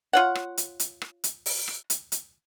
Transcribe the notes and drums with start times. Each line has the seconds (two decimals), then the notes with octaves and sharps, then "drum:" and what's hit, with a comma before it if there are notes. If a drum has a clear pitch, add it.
0.13 F4 C#5 F#5
0.35 drum: rim click
0.57 drum: hi-hat
0.80 drum: hi-hat
1.02 drum: rim click
1.24 drum: hi-hat
1.46 drum: open hi-hat
1.68 drum: rim click
1.90 drum: hi-hat
2.12 drum: hi-hat